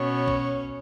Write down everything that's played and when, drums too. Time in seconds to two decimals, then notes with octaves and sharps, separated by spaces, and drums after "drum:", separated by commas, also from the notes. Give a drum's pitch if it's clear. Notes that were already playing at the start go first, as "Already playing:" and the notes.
Already playing: B2 B3 C#4 C#5
0.28 drum: kick